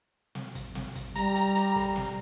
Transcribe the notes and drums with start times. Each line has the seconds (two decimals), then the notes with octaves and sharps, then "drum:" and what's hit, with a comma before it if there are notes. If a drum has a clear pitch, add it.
0.35 drum: snare
0.55 drum: kick, hi-hat
0.75 drum: snare
0.95 drum: kick, hi-hat
1.15 G3 A#5, drum: hi-hat
1.36 drum: hi-hat
1.56 drum: hi-hat
1.76 drum: kick, open hi-hat
1.96 drum: snare